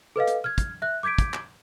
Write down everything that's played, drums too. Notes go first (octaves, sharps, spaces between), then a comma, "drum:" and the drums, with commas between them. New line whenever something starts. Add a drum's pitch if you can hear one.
A4 B4 D#5 F5
drum: hi-hat
F6 G#6
drum: kick, hi-hat
E5 F#6
D6 G6 G#6 B6 D7
drum: kick, hi-hat
drum: clap